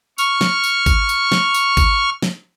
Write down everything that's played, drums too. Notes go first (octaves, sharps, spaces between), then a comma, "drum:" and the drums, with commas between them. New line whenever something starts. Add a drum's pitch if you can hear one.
C#6 F6, drum: tambourine
drum: snare
drum: tambourine
drum: kick, tambourine
drum: tambourine
drum: snare
drum: tambourine
drum: kick, tambourine
drum: snare